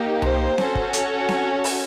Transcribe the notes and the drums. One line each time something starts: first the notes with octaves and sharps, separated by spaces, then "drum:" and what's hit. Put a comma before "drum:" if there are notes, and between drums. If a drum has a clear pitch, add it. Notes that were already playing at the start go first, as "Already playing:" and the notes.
Already playing: A#3 D#4 G4
C5, drum: tom C2
C#4 F#4 A4, drum: snare C4
drum: kick
C#5, drum: hi-hat
drum: snare C4
drum: open hi-hat